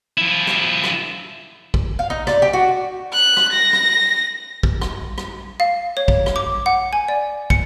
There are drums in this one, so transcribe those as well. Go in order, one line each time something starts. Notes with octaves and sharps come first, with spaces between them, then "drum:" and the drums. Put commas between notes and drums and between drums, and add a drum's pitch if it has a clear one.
F3 E4
drum: rim click
drum: rim click
drum: kick
F5
D#4
D5, drum: rim click
G4
F#4
F#6
drum: rim click
A#6
drum: rim click
drum: kick
drum: rim click
drum: rim click
F5
C#5
drum: kick
drum: rim click
D6
F#5
G#5
D5
C#7, drum: kick